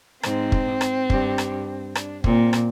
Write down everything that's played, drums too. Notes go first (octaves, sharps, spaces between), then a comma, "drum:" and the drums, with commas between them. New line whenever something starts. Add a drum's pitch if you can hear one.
G#2 C4, drum: rim click
drum: kick
drum: rim click
G2, drum: kick
drum: rim click
D4, drum: rim click
A#2 C4, drum: kick
drum: rim click